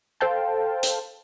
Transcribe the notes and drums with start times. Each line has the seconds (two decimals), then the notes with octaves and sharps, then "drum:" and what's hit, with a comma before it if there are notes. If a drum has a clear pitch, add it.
0.21 A4 C5 F5 G5 A5
0.83 drum: hi-hat